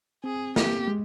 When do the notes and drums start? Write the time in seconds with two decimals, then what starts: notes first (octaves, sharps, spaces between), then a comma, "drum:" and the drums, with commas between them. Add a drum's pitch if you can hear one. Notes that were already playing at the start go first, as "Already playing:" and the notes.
0.24 C4 G#4
0.56 A#3 G4, drum: snare
0.88 G#3